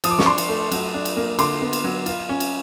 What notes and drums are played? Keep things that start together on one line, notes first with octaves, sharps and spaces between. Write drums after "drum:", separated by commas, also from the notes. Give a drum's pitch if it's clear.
F3 D#6, drum: cymbal
D6
C#6, drum: snare
D4 C6 D6
drum: cymbal
A3
F#3, drum: cymbal
D4
drum: cymbal
A#3
D3 C6 D6, drum: cymbal
B3
drum: cymbal
F#3
F4, drum: cymbal
C#4
drum: cymbal